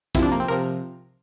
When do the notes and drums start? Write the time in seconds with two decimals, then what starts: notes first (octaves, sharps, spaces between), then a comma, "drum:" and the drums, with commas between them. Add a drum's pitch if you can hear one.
0.15 F2 C3 F3 E4, drum: kick, hi-hat
0.23 D4
0.32 A#3
0.40 C4
0.48 C3 F3 A#4